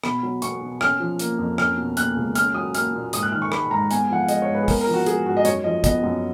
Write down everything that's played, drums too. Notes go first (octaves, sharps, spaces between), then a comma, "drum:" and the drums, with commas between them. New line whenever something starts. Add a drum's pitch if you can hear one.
B2 B5, drum: rim click
F#3
B3 C#6, drum: hi-hat
B2
C#4 F6, drum: rim click
F3
A#3, drum: hi-hat
F2
C#4 F6, drum: rim click
B2
A#3 F#6, drum: hi-hat
C#2
C#4 F6, drum: hi-hat
F#3 D#6
A#3 F6, drum: hi-hat
A#2
G#2 D#6, drum: hi-hat
F#6
D#3 F6
C#6
G#3 B5, drum: rim click
G#2 A#5
B3 G#5, drum: hi-hat
F3 F#5
F5
G#3 D#5, drum: hi-hat
C#5
G#2
B4
G#4
B3 A#4, drum: kick, open hi-hat
A#4
F3
F#4
G#3 G#4, drum: hi-hat
G#2 F#4
D#5
F#2 C#5, drum: hi-hat
F3 D#5
B3 D#5, drum: kick, hi-hat
F#2